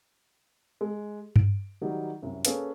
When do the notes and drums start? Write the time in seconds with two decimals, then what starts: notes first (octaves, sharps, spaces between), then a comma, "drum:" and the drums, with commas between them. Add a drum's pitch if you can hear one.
0.81 G#3
1.36 D7, drum: tom G2
1.81 D#3 F#3 G3 D#4
2.22 C2 F#2
2.45 A#3 C#4 G#4 A4 B4 F5, drum: hi-hat